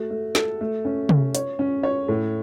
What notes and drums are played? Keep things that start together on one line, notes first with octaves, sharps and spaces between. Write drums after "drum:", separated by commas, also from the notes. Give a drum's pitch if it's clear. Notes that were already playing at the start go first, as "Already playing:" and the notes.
Already playing: A3 F#4
A3
A4, drum: snare
A3
C#4
C#4, drum: tom
C#5, drum: hi-hat
C#4
C#5
A2